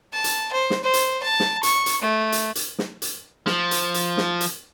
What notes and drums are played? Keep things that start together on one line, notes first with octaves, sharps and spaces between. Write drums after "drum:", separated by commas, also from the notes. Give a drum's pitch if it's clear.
A5
drum: hi-hat
C5
drum: snare
C5
drum: hi-hat
A5
drum: snare
C#6, drum: hi-hat
drum: hi-hat
A3
drum: hi-hat
drum: hi-hat
drum: snare
drum: hi-hat
F3, drum: snare
drum: hi-hat
drum: hi-hat
drum: snare
drum: hi-hat